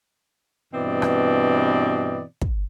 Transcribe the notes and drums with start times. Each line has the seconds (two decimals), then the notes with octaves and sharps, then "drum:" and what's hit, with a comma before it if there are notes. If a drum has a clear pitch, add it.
0.74 G2 B2 E3 C4 D5 D#5
1.02 drum: rim click
2.41 drum: kick